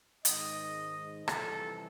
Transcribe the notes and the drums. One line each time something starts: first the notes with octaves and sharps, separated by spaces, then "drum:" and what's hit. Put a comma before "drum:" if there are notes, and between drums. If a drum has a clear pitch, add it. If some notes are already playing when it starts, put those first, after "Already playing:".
G#2 D#3 G#3 C4 D#5, drum: hi-hat
F2 C3 E3 G3 A4, drum: rim click